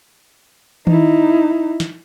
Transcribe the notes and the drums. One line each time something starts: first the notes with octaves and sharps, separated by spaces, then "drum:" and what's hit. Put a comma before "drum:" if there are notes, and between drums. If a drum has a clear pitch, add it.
D#4 E4, drum: tom D#3
drum: snare